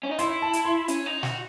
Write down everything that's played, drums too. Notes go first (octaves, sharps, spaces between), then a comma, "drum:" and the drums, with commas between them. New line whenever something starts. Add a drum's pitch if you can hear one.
C#4
D#4
E4 C6, drum: hi-hat
A5
drum: hi-hat
C6
C#4, drum: hi-hat
D#4
F#4, drum: snare